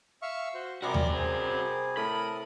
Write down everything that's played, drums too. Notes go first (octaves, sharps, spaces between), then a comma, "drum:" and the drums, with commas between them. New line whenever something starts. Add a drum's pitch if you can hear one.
E5 F5 C#6
F#4 C5
C3 G3 F#4 A#4 D#5 D6 F6
drum: tom D#2
C4 G#4
A2 A4 A#4 B5 D#6